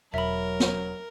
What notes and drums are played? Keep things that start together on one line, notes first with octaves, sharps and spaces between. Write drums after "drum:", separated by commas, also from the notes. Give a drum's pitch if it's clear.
E1 F#3 A#4 E5 B5
drum: snare